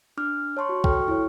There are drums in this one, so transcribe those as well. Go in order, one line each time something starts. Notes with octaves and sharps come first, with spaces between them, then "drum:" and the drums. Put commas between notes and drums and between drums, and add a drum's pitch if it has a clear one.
D4 D6 F6
C#5 A5 C6 C#6
F#4
A4 G5 C#6 F6, drum: kick
E4 C#5